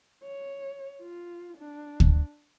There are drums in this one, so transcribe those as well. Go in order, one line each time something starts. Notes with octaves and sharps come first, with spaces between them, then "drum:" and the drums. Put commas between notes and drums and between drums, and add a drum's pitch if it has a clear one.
C#5
F4
D4
drum: kick